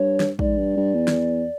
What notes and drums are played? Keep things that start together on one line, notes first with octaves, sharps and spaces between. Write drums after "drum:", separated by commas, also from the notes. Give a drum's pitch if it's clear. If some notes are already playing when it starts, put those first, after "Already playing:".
Already playing: G2 C#5
drum: snare
G#2 D5, drum: kick A1
G2
G2
E2
drum: snare